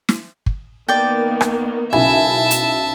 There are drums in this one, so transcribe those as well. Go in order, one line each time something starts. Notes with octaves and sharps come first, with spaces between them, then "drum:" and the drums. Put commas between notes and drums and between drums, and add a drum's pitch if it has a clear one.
drum: snare
drum: kick
D#3 A#3 B3 D5 G5
drum: rim click
B1 C#3 E4 E5 G#5 A5
drum: hi-hat